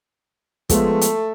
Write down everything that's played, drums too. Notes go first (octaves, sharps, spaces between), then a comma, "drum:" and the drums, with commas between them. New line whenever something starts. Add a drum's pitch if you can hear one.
F3 G#3 A3 B3, drum: kick, hi-hat
drum: hi-hat